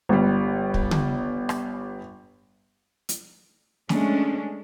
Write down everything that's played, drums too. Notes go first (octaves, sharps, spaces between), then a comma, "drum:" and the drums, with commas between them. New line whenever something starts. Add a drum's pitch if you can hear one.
G1 G3
drum: kick
drum: tom C#3
drum: rim click
drum: hi-hat
G#3 A3 C#4 D4, drum: snare